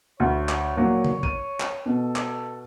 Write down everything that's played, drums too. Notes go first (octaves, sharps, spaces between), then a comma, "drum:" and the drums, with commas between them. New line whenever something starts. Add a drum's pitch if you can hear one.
D2 C#5
drum: clap
A#2 F#3
drum: tom C#3
D#7, drum: kick
drum: clap
B2 A4
drum: clap